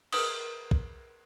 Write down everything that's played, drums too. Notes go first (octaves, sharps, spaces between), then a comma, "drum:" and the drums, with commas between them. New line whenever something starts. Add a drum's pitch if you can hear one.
G#4 A#4 B4 D#6, drum: cymbal
drum: kick